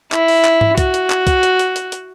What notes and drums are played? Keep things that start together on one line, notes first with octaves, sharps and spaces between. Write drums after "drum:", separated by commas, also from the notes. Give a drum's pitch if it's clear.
E4, drum: clap
drum: open hi-hat
drum: clap
drum: tom G#2
F#4, drum: kick, hi-hat
drum: hi-hat
drum: clap
drum: kick, hi-hat
drum: hi-hat
drum: hi-hat
drum: hi-hat
drum: hi-hat